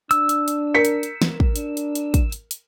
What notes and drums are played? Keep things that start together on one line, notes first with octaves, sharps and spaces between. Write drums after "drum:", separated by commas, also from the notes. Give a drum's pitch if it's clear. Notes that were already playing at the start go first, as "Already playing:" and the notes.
D4 E6, drum: hi-hat
drum: hi-hat
drum: hi-hat
A#4 B6 C#7
drum: hi-hat
drum: hi-hat
drum: snare
drum: kick
D4, drum: hi-hat
drum: hi-hat
drum: hi-hat
drum: kick, hi-hat
drum: hi-hat
drum: hi-hat